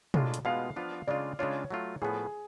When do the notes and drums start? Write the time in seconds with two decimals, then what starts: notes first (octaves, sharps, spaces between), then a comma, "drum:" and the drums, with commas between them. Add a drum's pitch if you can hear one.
0.14 A2 G#3 D4 F4, drum: tom B2
0.34 drum: hi-hat
0.45 B2 G#3 B3 F4 F5
0.76 F3 B3 D4 F4
1.07 C#3 G#3 D4 F4 D5
1.39 C#3 G#3 D4 F4 C#5
1.71 F#3 A3 F4
2.02 A2 F3 B3 G#4